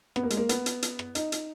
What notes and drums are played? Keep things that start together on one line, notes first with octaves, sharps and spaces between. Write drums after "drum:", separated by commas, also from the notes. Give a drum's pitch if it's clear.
B3, drum: rim click
A#3
G#3, drum: hi-hat
A#3
B3, drum: hi-hat
drum: hi-hat
drum: hi-hat
drum: rim click
D#4, drum: hi-hat
drum: hi-hat